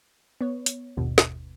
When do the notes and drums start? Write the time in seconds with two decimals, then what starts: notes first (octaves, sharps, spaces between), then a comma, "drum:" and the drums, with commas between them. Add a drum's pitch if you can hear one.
0.41 B3 C#5
0.66 drum: hi-hat
0.97 G1 D#2 B2
1.18 drum: snare